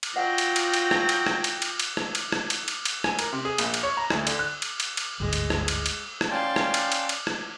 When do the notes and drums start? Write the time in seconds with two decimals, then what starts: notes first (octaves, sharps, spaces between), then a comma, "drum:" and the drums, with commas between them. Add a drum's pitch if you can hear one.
0.03 drum: cymbal
0.16 F#3 F4 D#5 F#5 G5 A#6
0.38 drum: cymbal
0.56 drum: cymbal
0.74 drum: cymbal
0.91 drum: rim click
1.09 drum: cymbal
1.27 drum: rim click
1.44 drum: cymbal
1.62 drum: cymbal
1.80 drum: cymbal
1.97 drum: rim click
2.15 drum: cymbal
2.32 drum: rim click
2.50 drum: cymbal
2.68 drum: cymbal
2.85 drum: cymbal
3.04 G#5, drum: rim click
3.19 A#4, drum: cymbal
3.33 C3
3.45 G#4
3.58 A#1, drum: cymbal
3.74 drum: cymbal
3.83 C#5
3.97 A#5
4.10 D2, drum: rim click
4.27 D3, drum: cymbal
4.39 F#6
4.62 drum: cymbal
4.80 drum: cymbal
4.97 drum: cymbal
5.20 G1 D2 G#2 G#3
5.33 drum: cymbal
5.50 drum: rim click
5.68 drum: cymbal
5.86 drum: cymbal
6.21 drum: rim click
6.31 C#4 D5 F5 G5 A5 C6
6.56 drum: rim click
6.74 drum: cymbal
6.92 drum: cymbal
7.09 drum: cymbal
7.27 drum: rim click